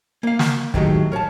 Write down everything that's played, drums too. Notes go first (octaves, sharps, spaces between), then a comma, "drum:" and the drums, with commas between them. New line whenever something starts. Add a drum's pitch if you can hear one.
A#3 F5
drum: snare
A2 D#3 F#3 G#3 G4, drum: kick
A#4 C#5 F5 A5